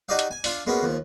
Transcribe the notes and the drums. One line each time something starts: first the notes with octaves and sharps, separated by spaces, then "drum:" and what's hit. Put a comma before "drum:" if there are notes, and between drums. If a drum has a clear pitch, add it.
D#4 F#4 G4 D5 D#5 F5
drum: hi-hat
G#5
D4 F4 F5, drum: open hi-hat
G#3 A#3 B3 C#4 F#4
D#2 F3